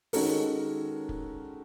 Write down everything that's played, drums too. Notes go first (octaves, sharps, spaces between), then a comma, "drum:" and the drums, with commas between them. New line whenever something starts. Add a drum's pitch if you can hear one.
D#3 G#3 C#4 F#4 A4 A#4, drum: open hi-hat
drum: kick